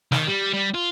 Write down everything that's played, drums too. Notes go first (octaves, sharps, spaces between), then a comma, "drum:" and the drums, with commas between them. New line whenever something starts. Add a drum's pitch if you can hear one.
D#3, drum: snare
G3
G3
F4